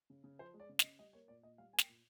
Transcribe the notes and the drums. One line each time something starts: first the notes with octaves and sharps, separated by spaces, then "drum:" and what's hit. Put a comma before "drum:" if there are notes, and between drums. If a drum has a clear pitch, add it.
C#3
C#3
F3 C5
G#3
D5
C#3
D#5, drum: snare
C#3
G3 D#5
A#3 C#5
A#2 D5
A#2 D#5
G3 F5
A#3 G#5
G5, drum: snare
A#2